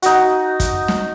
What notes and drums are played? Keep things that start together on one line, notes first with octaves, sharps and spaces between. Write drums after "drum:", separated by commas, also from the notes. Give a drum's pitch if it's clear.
D#4 F#4, drum: hi-hat
drum: kick, hi-hat
drum: snare